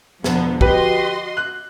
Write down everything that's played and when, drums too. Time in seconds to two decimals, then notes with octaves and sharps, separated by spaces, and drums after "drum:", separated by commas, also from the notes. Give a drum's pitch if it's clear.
0.24 E1 D3 F3 B3, drum: snare
0.61 F#4 G4 B4 D#5 C6, drum: kick
1.37 F#6